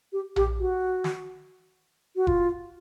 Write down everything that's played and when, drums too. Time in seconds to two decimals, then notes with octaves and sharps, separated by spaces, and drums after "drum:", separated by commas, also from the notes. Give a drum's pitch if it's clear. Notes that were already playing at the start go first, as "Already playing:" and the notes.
0.13 G4
0.36 G4, drum: tom A#1
0.60 F#4
1.04 drum: snare
2.16 F#4
2.27 F4, drum: kick F1